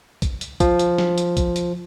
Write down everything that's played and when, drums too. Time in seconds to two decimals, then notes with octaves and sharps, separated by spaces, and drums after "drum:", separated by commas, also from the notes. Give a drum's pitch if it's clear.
0.22 drum: kick, hi-hat
0.41 drum: hi-hat
0.60 F3, drum: kick, hi-hat
0.79 drum: hi-hat
0.99 drum: snare
1.18 drum: hi-hat
1.37 drum: kick, hi-hat
1.56 drum: hi-hat